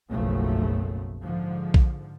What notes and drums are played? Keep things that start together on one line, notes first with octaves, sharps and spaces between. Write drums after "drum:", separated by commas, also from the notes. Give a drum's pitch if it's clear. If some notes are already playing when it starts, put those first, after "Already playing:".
F#1 B1 F#2 C#3 F3 A3
G#2 D3 F3
drum: kick A#1